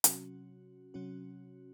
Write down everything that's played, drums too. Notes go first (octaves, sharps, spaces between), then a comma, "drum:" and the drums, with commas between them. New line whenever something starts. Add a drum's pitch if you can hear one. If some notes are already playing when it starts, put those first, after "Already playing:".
C3 F#3 C#4 F#4, drum: hi-hat
C3 F#3 C#4 F#4